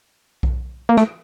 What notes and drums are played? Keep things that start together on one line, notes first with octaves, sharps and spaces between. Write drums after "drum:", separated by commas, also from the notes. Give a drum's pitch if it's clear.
drum: kick B1
A#3
A3, drum: rim click